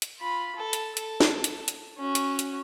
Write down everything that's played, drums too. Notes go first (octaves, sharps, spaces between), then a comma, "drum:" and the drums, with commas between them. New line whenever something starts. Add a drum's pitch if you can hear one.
drum: hi-hat
F4 B5
A4
drum: hi-hat
A4, drum: hi-hat
drum: snare
drum: hi-hat
drum: hi-hat
C#4 F#4
drum: hi-hat
drum: hi-hat